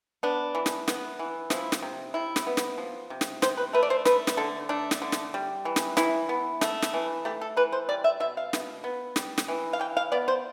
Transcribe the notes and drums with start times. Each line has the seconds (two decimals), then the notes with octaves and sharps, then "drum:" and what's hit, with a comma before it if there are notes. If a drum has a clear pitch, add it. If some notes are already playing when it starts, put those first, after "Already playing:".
0.23 B3 D4
0.55 E3
0.66 drum: snare
0.88 B3, drum: snare
1.19 E3
1.50 F3 E4, drum: snare
1.72 drum: snare
1.83 C3
2.14 C3 E4
2.36 drum: snare
2.47 B3
2.57 drum: snare
2.78 F3
3.10 C3
3.21 drum: snare
3.42 C3 C5, drum: snare
3.57 B4
3.73 A3 B4
3.83 D5
3.90 C5
4.05 A3 B4, drum: snare
4.27 drum: snare
4.37 D3 A4
4.69 A3 D4
4.91 drum: snare
5.02 D3
5.12 drum: snare
5.34 G3
5.65 E3
5.76 drum: snare
5.97 E3 E4, drum: snare
6.29 B3
6.61 A3, drum: snare
6.82 drum: snare
6.94 E3
7.25 A3 G4
7.41 A4
7.57 E3 B4
7.72 C5
7.89 G3 D5
8.04 E5
8.20 B2 E5
8.37 F5
8.53 B2, drum: snare
8.84 B3
9.16 G3, drum: snare
9.38 drum: snare
9.48 E3
9.73 F5
9.79 E3 G5
9.97 F5
10.12 B3 D5
10.28 C5